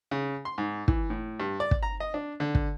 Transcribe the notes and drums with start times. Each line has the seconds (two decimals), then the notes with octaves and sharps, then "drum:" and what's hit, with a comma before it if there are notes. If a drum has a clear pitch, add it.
0.11 C#3
0.45 C6
0.58 G#2
0.88 E3, drum: kick
1.10 A2
1.40 G2
1.60 D5
1.71 drum: kick
1.83 A#5
2.00 D#5
2.14 D4
2.40 D3
2.55 drum: kick